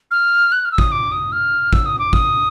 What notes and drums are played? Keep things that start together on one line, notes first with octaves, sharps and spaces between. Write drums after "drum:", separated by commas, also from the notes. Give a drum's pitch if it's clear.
F6
F#6
F6
E6
D#6, drum: kick
D6
D#6
F6
E6, drum: kick
D#6
D6
D#6, drum: kick